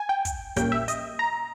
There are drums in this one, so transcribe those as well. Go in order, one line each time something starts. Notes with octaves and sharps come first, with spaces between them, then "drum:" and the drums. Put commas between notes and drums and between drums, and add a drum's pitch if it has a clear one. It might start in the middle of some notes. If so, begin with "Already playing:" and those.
Already playing: G#5
G5
drum: kick, hi-hat
A#1 A#2 G3 A#3 C#4 G5, drum: kick, hi-hat
E5
D#5, drum: hi-hat
A#5